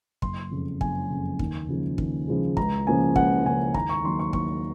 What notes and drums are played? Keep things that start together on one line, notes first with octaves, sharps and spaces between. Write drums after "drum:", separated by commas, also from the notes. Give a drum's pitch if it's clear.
F#1 C6, drum: kick
F2 C#3
F#1 G#5, drum: kick
F2 C#3
D#2, drum: kick
C#3 F3 G#3
D#2, drum: kick
C#3 F3 G#3
C#2 A#5, drum: kick
C#3 F3 A#3 C#4 G#5
C#2 F#5, drum: kick
C#3 F3 A#3 C#4 G#5
D#2 A#5, drum: kick
C#6
D#3 F#3 A#3 C6
C#6
D#2 C#6, drum: kick